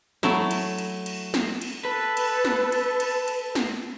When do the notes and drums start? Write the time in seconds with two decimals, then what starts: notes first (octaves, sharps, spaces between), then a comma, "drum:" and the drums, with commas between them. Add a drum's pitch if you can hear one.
0.23 F#3 A3 E4, drum: snare
0.51 drum: cymbal
0.78 drum: cymbal
1.06 drum: cymbal
1.34 drum: snare
1.61 drum: cymbal
1.85 A4 B4
2.17 drum: cymbal
2.45 drum: snare
2.72 drum: cymbal
3.00 drum: cymbal
3.28 drum: cymbal
3.55 drum: snare